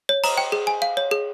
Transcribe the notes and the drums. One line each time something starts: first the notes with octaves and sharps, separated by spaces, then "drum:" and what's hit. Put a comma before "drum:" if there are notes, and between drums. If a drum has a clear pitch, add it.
C#5
A#5, drum: cymbal
G5
G#4
G#5
F5
C#5
G#4